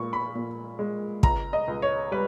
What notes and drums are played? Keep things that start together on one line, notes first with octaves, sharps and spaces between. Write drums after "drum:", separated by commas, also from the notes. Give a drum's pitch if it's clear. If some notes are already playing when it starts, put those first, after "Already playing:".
Already playing: A#2 G#3 C#6
B5
A#2
G#3
C#2 A#5, drum: kick
D#5
C#2
C#5
G3 B4